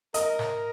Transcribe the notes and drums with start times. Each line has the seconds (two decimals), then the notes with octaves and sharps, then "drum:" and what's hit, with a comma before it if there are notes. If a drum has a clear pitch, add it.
0.14 A#4 D#5, drum: hi-hat
0.39 drum: snare G#2